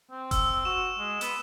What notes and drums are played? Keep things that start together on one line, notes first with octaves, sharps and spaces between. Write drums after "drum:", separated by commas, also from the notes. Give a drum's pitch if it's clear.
C4
E6, drum: kick F1, hi-hat
F#4 E7
G#3
B3, drum: hi-hat